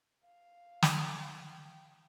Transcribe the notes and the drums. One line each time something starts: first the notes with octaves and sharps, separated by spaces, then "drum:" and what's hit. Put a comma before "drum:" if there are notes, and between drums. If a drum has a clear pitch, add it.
F5
drum: snare
G5